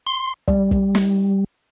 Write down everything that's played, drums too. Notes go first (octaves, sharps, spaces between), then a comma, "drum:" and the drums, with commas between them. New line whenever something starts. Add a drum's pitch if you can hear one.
C6
G3, drum: kick
drum: kick
drum: snare